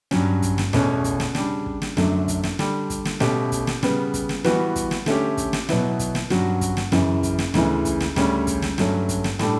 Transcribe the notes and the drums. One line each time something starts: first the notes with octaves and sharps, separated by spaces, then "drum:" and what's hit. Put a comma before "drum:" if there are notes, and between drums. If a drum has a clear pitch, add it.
G2 F#3 C#4, drum: snare
drum: kick, hi-hat
drum: snare
E2 B2 A3 C#4, drum: snare
drum: kick, hi-hat
drum: snare
C#3 G3 D4, drum: snare
drum: kick
drum: snare
F#2 D3 F#3 A3 D4, drum: snare
drum: kick, hi-hat
drum: snare
D3 G3 D4, drum: snare
drum: kick, hi-hat
drum: snare
B2 A3 C#4 G4, drum: snare
drum: kick, hi-hat
drum: snare
C#3 G3 B3, drum: snare
drum: kick, hi-hat
drum: snare
E3 G3 B3 F#4, drum: snare
drum: kick, hi-hat
drum: snare
D3 A3 C#4 G4, drum: snare
drum: kick, hi-hat
drum: snare
B2 F#3 B3 E4, drum: snare
drum: kick, hi-hat
drum: snare
G2 F#3 C#4 F#4, drum: snare
drum: kick, hi-hat
drum: snare
F#2 C#3 E3, drum: snare
drum: kick, hi-hat
drum: snare
D2 C#3 E3, drum: snare
drum: kick, hi-hat
drum: snare
D2 C#3 G3 C#4, drum: snare
drum: kick, hi-hat
drum: snare
G2 F#3 A3 C#4, drum: snare
drum: kick, hi-hat
drum: snare
A2 G3 D4 A4, drum: snare